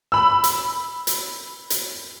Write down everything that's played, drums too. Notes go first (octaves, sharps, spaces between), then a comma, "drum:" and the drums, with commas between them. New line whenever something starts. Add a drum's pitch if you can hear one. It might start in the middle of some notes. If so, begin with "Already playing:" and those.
B5 E6
drum: hi-hat
drum: hi-hat
drum: hi-hat